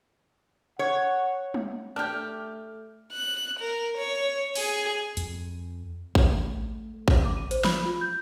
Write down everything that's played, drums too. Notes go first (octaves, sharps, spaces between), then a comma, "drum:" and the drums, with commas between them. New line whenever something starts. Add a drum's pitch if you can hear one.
C#5 F#5
drum: tom
A3 D4 G4 F6 G6
F#6
A#4
C#5
G#4 G#5, drum: open hi-hat
F2, drum: hi-hat
A3, drum: kick A1
drum: kick A1
D6
D#7
C5, drum: hi-hat
B5, drum: snare
F4
G6